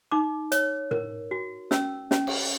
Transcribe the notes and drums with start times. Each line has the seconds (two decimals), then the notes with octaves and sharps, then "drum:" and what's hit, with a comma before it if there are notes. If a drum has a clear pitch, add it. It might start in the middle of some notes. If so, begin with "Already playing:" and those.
0.12 D#4 D6
0.52 C#5, drum: hi-hat
0.91 A#4, drum: tom A2
1.31 F#4
1.71 C#4 E6, drum: snare
2.11 C#4, drum: snare
2.27 drum: cymbal